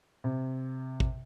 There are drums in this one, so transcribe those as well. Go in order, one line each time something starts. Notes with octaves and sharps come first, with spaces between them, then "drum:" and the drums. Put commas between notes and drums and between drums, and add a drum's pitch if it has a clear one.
C3
drum: kick